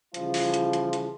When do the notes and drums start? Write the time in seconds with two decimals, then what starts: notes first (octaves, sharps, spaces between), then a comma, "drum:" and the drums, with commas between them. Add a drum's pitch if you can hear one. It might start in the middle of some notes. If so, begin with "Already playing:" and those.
0.14 C#3 E3 F3 G3 F4, drum: hi-hat
0.34 drum: open hi-hat
0.54 drum: hi-hat
0.73 drum: hi-hat
0.93 drum: hi-hat